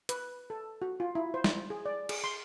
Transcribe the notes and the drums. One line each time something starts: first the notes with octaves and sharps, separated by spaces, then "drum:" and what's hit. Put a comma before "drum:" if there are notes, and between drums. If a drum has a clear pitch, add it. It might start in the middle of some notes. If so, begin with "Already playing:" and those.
B4, drum: hi-hat
A4
F#4
F4
E4
C5
drum: snare
G#4
D5
G#4, drum: cymbal
C6